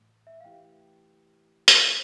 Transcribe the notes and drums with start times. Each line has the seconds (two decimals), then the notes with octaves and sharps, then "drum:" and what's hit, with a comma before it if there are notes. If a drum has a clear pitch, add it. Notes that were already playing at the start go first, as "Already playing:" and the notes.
Already playing: A2 E3 A3
0.27 E5
0.41 F5
0.44 E3 A3 E4 G4 B4 G5
1.68 drum: hi-hat